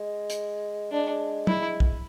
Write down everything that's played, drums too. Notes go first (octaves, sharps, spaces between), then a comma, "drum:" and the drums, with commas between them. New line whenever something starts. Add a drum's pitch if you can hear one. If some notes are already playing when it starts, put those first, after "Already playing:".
Already playing: G#3
drum: hi-hat
G#3 D4
E4, drum: tom
drum: kick